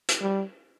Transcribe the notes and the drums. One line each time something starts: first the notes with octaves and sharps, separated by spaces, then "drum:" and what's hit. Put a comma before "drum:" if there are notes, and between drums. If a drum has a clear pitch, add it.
drum: hi-hat
G3